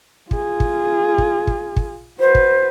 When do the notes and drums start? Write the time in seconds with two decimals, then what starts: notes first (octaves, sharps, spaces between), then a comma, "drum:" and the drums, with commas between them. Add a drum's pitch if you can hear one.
0.31 F4 G#4, drum: kick
0.60 drum: kick
1.18 drum: kick
1.47 drum: kick
1.76 drum: kick
2.20 F#4 B4 C5
2.35 drum: kick